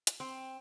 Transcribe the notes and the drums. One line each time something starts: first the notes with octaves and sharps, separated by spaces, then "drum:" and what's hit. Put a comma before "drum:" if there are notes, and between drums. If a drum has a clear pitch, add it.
drum: hi-hat
C4